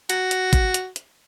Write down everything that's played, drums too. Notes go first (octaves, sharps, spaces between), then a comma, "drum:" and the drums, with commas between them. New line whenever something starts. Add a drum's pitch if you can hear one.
F#4, drum: hi-hat
drum: hi-hat
drum: kick G#1, hi-hat
drum: hi-hat
drum: hi-hat